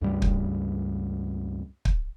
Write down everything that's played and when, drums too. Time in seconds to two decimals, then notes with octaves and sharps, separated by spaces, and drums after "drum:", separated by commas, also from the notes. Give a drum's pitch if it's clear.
0.02 C#2 G2 G3
0.22 drum: kick
1.85 drum: kick